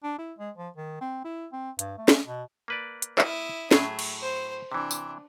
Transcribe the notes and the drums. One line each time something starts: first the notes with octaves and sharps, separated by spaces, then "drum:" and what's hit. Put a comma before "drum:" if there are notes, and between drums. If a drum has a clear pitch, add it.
D4
E4
G#3
F3
D#3
C4
E4
C4
G2, drum: hi-hat
A3
drum: snare C#4
B2
A#3 B4 D5
drum: hi-hat
E4 D#6, drum: clap
A2 F#3 A3 G#4, drum: snare C#4
drum: cymbal
C5
C3 E3 D4
drum: tambourine